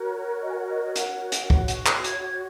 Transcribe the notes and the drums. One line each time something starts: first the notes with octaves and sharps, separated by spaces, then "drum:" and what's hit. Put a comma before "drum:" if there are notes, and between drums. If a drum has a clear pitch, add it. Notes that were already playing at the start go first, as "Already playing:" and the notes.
Already playing: F#4 A#4 C#5
D#5
G#5
F#5
D#5
D#5
F#5, drum: hi-hat
drum: hi-hat
F#4 C#5, drum: kick
drum: hi-hat
drum: clap
G#6, drum: hi-hat
G#6